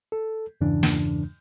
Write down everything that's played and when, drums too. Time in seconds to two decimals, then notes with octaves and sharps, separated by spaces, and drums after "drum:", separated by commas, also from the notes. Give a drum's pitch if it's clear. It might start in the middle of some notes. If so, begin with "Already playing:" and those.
0.12 A4
0.61 E2 G2 C#3 E3 D4
0.83 drum: snare